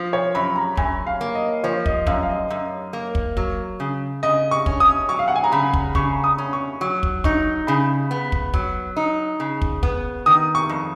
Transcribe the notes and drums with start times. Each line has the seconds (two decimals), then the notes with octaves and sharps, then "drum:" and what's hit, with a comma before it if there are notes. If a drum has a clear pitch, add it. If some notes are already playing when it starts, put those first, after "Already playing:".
Already playing: F3
0.13 C#5
0.35 F#2 B5
0.56 A#5
0.77 F#2 G#5, drum: kick
1.07 F5
1.21 A#3
1.35 D#5
1.64 F3 C#5
1.86 D#5, drum: kick
2.07 F#2 F5, drum: kick
2.23 F5
2.29 D#5
2.50 F#2
2.93 A#3
3.15 drum: kick
3.37 F#3, drum: kick
3.80 C#3
4.23 C#3 D#5
4.51 C#6
4.66 C#4, drum: kick
4.80 D#6
5.09 F#3 C#6
5.19 F5
5.28 F#5
5.36 G#5
5.44 A#5
5.52 C#3 B5
5.74 drum: kick
5.95 C#3 C#6, drum: kick
6.24 D#6
6.38 C#4
6.53 C#6
6.81 F#3 C#6
7.03 drum: kick
7.24 D#4 C#6, drum: kick
7.67 C#3 B5
8.11 B3
8.32 drum: kick
8.54 F#3, drum: kick
8.97 D#4
9.40 C#3
9.62 drum: kick
9.83 B3, drum: kick
10.26 D#3 D#6
10.55 C#6
10.69 F2